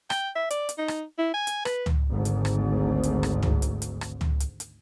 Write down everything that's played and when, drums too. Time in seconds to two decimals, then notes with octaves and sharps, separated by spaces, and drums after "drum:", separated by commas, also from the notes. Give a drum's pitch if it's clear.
0.10 G5, drum: rim click
0.35 E5
0.50 D5, drum: hi-hat
0.69 drum: hi-hat
0.78 D#4
0.88 drum: rim click
1.18 E4
1.34 G#5
1.47 drum: hi-hat
1.65 B4, drum: rim click
1.86 drum: tom C#2
2.10 G#1 D2 G#2
2.25 drum: hi-hat
2.45 drum: rim click
3.03 drum: hi-hat
3.23 drum: rim click
3.43 drum: tom C#2
3.62 drum: hi-hat
3.82 drum: hi-hat
4.01 drum: rim click
4.21 drum: tom C#2
4.40 drum: hi-hat
4.60 drum: hi-hat